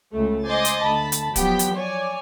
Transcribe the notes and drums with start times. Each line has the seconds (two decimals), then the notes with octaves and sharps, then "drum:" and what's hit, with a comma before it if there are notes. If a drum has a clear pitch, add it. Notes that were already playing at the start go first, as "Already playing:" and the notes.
0.12 C#2 A3
0.45 C5 D#5 G#5 C6 D6 A6
0.65 drum: hi-hat
0.81 D2 A5 B5
1.12 drum: hi-hat
1.36 F3 F#3 B3 G4 G5 B6, drum: kick, hi-hat
1.59 drum: hi-hat
1.76 C#5 D5 G#5